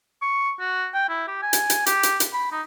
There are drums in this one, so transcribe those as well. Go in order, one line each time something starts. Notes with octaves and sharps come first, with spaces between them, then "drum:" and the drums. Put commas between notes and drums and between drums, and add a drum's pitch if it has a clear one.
C#6
F#4
G5
E4
G4
G#5
drum: hi-hat
drum: hi-hat
G4, drum: hi-hat
drum: hi-hat
drum: hi-hat
B5
D#4